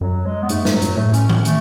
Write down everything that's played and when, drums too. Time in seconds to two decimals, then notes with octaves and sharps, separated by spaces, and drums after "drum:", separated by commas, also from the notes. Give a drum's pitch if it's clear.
0.01 F#2 F#3
0.26 G#3
0.43 B3
0.49 G#2 A3, drum: hi-hat
0.65 G#2, drum: snare
0.73 F#3
0.82 F#2, drum: hi-hat
0.97 A2 A3
1.14 C#4, drum: hi-hat
1.29 drum: tom D#3
1.45 A3, drum: hi-hat